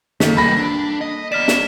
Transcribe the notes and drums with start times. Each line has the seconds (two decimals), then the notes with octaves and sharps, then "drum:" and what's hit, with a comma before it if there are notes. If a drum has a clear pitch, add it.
0.20 D#3 A#3 A4 B6, drum: snare
0.37 E3 G3 B5 A#6
0.57 D4
1.01 D#5
1.32 B3 D5 F6 B6 E7
1.48 drum: snare